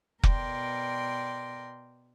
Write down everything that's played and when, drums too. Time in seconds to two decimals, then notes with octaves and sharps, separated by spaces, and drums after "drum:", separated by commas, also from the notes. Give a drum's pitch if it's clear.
0.23 B2 A#4 D5 G5 C6, drum: kick F1